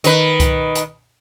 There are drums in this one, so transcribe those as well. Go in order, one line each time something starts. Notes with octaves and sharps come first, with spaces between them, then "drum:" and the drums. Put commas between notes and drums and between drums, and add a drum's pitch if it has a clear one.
D#3 B4, drum: hi-hat
drum: kick C2, hi-hat
drum: hi-hat